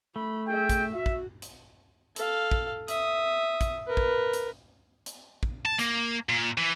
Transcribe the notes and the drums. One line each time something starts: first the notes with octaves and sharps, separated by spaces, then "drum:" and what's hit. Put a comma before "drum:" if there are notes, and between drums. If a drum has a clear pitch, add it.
A3 B5
G#4 E5 G5
drum: kick, hi-hat
F#4 E5
drum: kick
drum: hi-hat
A4 F5, drum: hi-hat
drum: kick
E5 D#6, drum: hi-hat
drum: kick, hi-hat
A#4 B4
drum: kick
drum: hi-hat
drum: hi-hat
drum: kick
A5
A#3, drum: hi-hat
A#2
E3